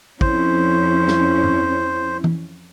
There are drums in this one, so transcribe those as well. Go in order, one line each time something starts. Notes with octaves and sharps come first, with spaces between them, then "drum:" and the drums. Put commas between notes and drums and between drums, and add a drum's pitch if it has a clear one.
F2 C#4 E4 C5, drum: kick
drum: snare
drum: tom G2
drum: tom E3